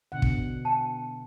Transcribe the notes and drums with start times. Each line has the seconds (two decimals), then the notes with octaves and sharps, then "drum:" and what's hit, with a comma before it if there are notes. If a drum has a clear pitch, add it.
0.12 B2 D3 F#5
0.22 drum: kick
0.65 G5 A5